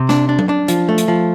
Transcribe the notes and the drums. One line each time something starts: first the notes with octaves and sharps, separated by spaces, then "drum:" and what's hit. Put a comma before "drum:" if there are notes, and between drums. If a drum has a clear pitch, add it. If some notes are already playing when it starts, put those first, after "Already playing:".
Already playing: C3
D4, drum: snare
D4
drum: tom F#3
D4
F3, drum: hi-hat
A3
drum: hi-hat
F3